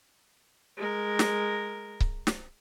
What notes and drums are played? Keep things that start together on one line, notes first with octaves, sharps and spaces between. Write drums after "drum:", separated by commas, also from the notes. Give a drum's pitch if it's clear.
G#3 A#4
drum: snare
drum: kick C#1
drum: snare